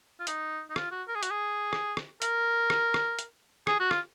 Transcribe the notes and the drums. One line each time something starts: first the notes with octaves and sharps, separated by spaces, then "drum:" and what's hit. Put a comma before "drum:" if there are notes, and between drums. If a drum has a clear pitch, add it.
F4
D#4, drum: hi-hat
D#4
F4, drum: rim click
F#4
A#4
G#4
F#4, drum: hi-hat
G#4
drum: rim click
drum: rim click
A#4, drum: hi-hat
drum: rim click
drum: rim click
drum: hi-hat
G#4, drum: rim click
F#4
F4, drum: rim click